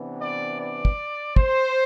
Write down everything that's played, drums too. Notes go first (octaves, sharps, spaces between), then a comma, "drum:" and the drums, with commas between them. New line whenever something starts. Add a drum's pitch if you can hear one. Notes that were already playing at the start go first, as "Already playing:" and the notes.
Already playing: C3 E3 B3 D4
D5
D5
drum: kick
C5, drum: kick